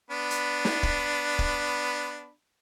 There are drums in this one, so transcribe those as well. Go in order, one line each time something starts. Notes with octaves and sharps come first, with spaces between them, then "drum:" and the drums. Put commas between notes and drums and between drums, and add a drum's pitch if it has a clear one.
B3 D4 B5
drum: hi-hat
drum: snare
drum: kick
drum: kick